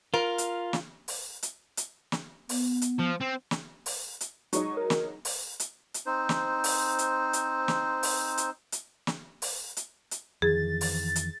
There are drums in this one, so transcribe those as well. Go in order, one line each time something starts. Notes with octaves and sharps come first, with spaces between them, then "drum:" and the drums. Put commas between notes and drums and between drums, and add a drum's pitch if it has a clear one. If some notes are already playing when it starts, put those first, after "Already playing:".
F4 A#4
drum: hi-hat
drum: snare
drum: open hi-hat
drum: hi-hat
drum: hi-hat
drum: snare
B3, drum: open hi-hat
drum: hi-hat
F3
C4
drum: snare
drum: open hi-hat
drum: hi-hat
F#3 G#3 D#4 C#6, drum: hi-hat
A#4
drum: snare
drum: open hi-hat
drum: hi-hat
drum: hi-hat
C4 D#4 C5
drum: snare
drum: open hi-hat
drum: hi-hat
drum: hi-hat
drum: snare
drum: open hi-hat
drum: hi-hat
drum: hi-hat
drum: snare
drum: open hi-hat
drum: hi-hat
drum: hi-hat
F2 D#3 E3 G#4 A6
drum: open hi-hat
drum: hi-hat